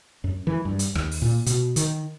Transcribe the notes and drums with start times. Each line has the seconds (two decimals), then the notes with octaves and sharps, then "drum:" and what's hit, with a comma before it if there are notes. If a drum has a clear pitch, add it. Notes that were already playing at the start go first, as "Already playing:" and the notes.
0.24 F#2
0.47 E3
0.65 G2
0.79 drum: hi-hat
0.95 D#2, drum: rim click
1.11 drum: open hi-hat
1.22 A#2
1.46 B2, drum: hi-hat
1.76 D#3, drum: hi-hat